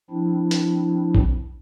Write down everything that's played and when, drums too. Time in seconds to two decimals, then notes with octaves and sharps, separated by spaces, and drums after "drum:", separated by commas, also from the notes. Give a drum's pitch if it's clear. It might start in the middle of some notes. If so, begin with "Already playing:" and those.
0.10 F3 C4 D4 E4
0.51 drum: hi-hat
1.15 drum: kick A#1